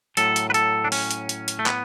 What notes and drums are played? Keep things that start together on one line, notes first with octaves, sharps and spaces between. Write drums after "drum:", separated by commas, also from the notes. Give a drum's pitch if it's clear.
A2 F#3 A4, drum: hi-hat
drum: hi-hat
B4
A4, drum: hi-hat
D4
C#4, drum: open hi-hat
drum: hi-hat
drum: hi-hat
drum: hi-hat
A3
B3, drum: clap